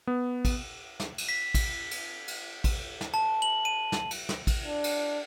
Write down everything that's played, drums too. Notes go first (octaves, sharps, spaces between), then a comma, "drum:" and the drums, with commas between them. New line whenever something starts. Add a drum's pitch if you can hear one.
B3
drum: kick A1, cymbal
drum: snare
drum: cymbal
B6
drum: kick A1, cymbal
drum: cymbal
drum: cymbal
drum: kick A1, cymbal
drum: snare
A5
F#7
D#7
drum: snare
drum: cymbal
drum: snare
drum: kick A1, cymbal
D4
drum: cymbal